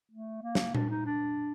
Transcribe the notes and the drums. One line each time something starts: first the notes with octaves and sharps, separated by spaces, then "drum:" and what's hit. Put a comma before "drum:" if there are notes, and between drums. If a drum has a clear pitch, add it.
A3
A#3
drum: snare
D4, drum: tom A#2
D#4
D4